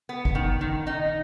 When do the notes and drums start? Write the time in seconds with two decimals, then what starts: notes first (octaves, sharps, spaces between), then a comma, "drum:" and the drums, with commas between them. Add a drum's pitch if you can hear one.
0.09 B3
0.25 drum: kick
0.35 D#3
0.61 D#3
0.87 D#4